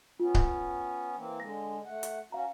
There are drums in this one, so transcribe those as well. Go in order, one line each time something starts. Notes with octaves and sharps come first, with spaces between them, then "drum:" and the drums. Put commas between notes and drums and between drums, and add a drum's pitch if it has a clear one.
B3 C#4 F4
drum: kick C#1
E3 A#3 C4
D3 G#3 A#6
A3 F#5
drum: hi-hat
C#4 F#4 F5 A#5